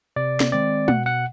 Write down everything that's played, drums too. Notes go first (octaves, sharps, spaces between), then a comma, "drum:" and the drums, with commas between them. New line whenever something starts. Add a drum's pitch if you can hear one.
C3 D5
drum: snare
D#3 G#3 C4 D5
B2 F#5, drum: tom
F#5